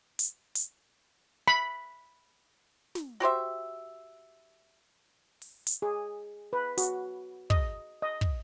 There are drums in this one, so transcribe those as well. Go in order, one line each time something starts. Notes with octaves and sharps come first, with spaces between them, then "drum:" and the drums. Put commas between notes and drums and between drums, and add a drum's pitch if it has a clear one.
drum: hi-hat
drum: hi-hat
B5
drum: snare
F#4 G4 C5 E5
drum: open hi-hat
drum: hi-hat
G#4
B4
F#4, drum: hi-hat
D#5, drum: kick
D#5
drum: kick